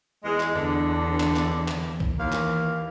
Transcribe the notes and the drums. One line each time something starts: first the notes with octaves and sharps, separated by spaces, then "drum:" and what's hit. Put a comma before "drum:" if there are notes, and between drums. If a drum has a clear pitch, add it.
E2 G#3
drum: clap
E2 D3 D4
drum: clap
drum: clap
drum: clap
drum: kick A#1
D#2 E3 A#3 F5
drum: clap